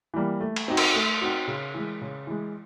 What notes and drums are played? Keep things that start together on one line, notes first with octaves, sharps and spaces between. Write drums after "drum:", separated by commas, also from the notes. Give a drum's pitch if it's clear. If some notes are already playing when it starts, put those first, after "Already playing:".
E3 G3 A#3
A3
drum: cymbal
C4 D#4 F#4
drum: cymbal
A3
C4 D#4 F#4
C#3
E3 G#3
C#3
E3 G#3